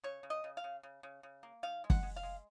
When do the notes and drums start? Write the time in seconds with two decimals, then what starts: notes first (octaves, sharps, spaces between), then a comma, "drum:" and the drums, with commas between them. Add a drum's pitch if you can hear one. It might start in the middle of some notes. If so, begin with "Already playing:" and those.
0.04 C#3 C#5
0.23 C#3
0.30 D#5
0.44 C#3
0.57 F5
0.64 C#3
0.83 C#3
1.03 C#3
1.23 C#3
1.43 A#3
1.63 D#3 F5
1.84 G#3
1.90 F#5, drum: kick F#1
2.03 G#3
2.16 F5
2.23 G#3